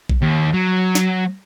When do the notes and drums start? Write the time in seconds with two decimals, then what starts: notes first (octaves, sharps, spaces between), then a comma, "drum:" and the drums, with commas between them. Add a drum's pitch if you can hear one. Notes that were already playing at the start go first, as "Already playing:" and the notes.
0.09 drum: kick A#1
0.22 D#2
0.54 F#3
0.95 drum: snare